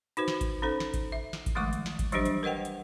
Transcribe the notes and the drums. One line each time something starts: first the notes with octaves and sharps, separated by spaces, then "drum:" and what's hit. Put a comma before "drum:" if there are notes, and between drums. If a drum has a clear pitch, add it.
D#4 F#4 B4 C5, drum: hi-hat
drum: snare
drum: kick G#1, hi-hat
C#4 D#4 A4 C5
drum: snare
drum: kick G#1, hi-hat
E5
drum: snare
drum: kick G#1, hi-hat
D#3 F3 G#3 A3 C#6 D6
drum: hi-hat
drum: snare
drum: kick G#1, hi-hat
E3 F#3 G3 D4 G4 C5, drum: hi-hat
drum: hi-hat
A#4 B4 D#5 F#5 G5
drum: hi-hat